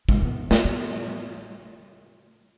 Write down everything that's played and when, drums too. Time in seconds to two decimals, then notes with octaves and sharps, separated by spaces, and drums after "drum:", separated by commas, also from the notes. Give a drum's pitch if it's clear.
0.09 G#3, drum: kick
0.23 B3
0.51 B3, drum: snare
0.65 B3